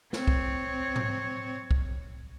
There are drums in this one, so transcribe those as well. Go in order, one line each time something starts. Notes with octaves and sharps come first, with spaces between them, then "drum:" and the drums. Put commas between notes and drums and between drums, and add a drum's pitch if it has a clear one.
C4 C#5, drum: snare
drum: kick
drum: tom G#2
drum: kick